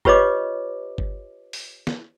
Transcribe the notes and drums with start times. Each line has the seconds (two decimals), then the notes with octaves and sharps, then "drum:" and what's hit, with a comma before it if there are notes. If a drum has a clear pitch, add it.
0.05 F4 G4 B4 C#5 D#5 D6, drum: kick G1
0.98 drum: kick G1
1.53 drum: open hi-hat
1.87 drum: snare